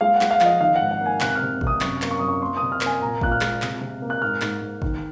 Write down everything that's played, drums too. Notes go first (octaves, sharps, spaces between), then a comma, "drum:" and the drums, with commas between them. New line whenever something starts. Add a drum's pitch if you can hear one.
G#3 F5
F#5
G#3, drum: clap
F5
F3, drum: clap
D#5
D#3 F5
F#5
G#2
F#5
A#3 G#5
C3 F#6, drum: clap
F6
C3
C3, drum: kick G#1
D#6
F#2 C#6, drum: clap
A#3, drum: clap
C#6
F#2 D#6
C#6
A#3 C6
D#6
C3
F6
A#3, drum: clap
G#5
A#2 A#5
A#2 F#6, drum: kick G#1
F6
G#3, drum: clap
C3, drum: clap
C3
A#3
F#6
G#2 F6
G#2, drum: clap
G#2
D#3, drum: kick G#1